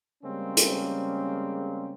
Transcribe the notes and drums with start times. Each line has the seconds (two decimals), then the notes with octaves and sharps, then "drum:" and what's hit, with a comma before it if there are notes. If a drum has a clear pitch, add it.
0.24 C#3 G3 G#3 A#3 C4 C#4
0.57 drum: hi-hat